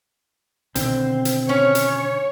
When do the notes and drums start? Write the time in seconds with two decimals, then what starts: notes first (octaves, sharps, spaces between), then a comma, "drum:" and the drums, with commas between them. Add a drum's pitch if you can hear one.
0.75 B2 D3 D#3 C4, drum: hi-hat
1.25 drum: hi-hat
1.49 C#4 C#5
1.75 drum: hi-hat